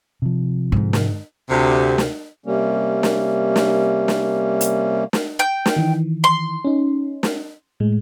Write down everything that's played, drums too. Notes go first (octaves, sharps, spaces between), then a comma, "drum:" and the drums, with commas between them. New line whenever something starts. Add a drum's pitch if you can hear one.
C3 F3
G#2 D3
drum: snare
D2 C3
drum: snare
C3 G3 A#3 C#4
drum: snare
drum: snare
drum: snare
drum: hi-hat
drum: snare
G5 G6
drum: snare
D#3 E3
C6
C#4 D#4
drum: snare
A2 G#3